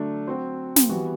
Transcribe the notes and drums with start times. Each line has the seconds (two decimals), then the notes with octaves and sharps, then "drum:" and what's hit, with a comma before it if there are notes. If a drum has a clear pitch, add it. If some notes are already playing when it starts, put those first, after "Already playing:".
Already playing: D3 F#3 A3 D4
0.27 F#3 C4 F#4 C5
0.76 drum: snare
0.89 E3 G3 B3 F#4